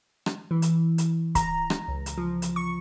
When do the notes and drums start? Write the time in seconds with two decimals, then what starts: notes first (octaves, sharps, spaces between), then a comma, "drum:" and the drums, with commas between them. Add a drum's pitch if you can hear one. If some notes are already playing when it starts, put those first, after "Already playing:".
0.26 drum: rim click
0.51 E3
0.62 drum: hi-hat
0.98 drum: hi-hat
1.35 A#5, drum: kick C#1, hi-hat
1.70 drum: rim click
1.88 C#2
2.06 drum: hi-hat
2.18 F3
2.42 drum: hi-hat
2.56 C#6